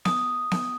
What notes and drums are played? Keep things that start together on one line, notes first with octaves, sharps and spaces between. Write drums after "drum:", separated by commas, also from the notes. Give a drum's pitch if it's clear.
D#6, drum: snare B3
drum: snare B3